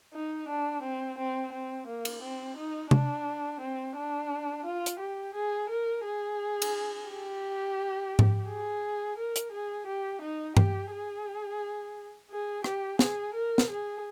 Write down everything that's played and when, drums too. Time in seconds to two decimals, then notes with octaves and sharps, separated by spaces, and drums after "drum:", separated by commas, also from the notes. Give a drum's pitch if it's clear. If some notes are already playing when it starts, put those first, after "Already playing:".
0.13 D#4
0.48 D4
0.82 C4
1.18 C4
1.52 C4
1.87 A#3
2.05 drum: cymbal
2.22 C4
2.57 D#4
2.91 D4, drum: tom
3.60 C4
3.96 D4
4.65 F4
4.86 drum: hi-hat
4.99 G4
5.34 G#4
5.69 A#4
6.05 G#4
6.62 drum: cymbal
7.09 G4
8.19 drum: tom G#2
8.48 G#4
9.17 A#4
9.36 drum: hi-hat
9.52 G#4
9.87 G4
10.22 D#4
10.57 G4, drum: tom G2
10.91 G#4
12.31 G#4
12.64 G4, drum: rim click
12.99 G#4, drum: snare
13.34 A#4
13.58 drum: snare
13.70 G#4